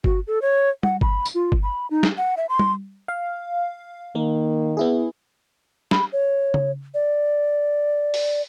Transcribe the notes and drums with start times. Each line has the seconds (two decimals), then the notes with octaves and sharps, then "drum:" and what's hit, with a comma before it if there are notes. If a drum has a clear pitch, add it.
0.04 F#4, drum: kick G1
0.27 A4
0.42 C#5
0.83 F#5, drum: tom G3
1.01 B5, drum: kick G1
1.25 drum: tambourine
1.35 F4
1.52 drum: kick G1
1.63 B5
1.91 D#4
2.03 drum: snare
2.18 F#5
2.37 E5
2.49 C6
2.59 drum: tom G3
3.08 F5
4.15 D#3 A#3
4.77 B3 E4 G#4
5.91 B5, drum: snare
6.13 C#5
6.54 drum: tom C#3
6.94 D5
8.14 drum: open hi-hat